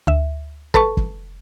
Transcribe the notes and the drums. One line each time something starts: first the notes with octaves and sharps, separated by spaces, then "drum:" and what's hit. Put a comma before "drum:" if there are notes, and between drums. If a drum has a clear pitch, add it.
D2 E5
A4 B4 A5 C#6, drum: kick
drum: kick